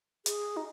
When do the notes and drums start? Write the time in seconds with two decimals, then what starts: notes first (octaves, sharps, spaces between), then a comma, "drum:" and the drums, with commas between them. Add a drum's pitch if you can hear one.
0.26 G#4, drum: hi-hat
0.57 D#4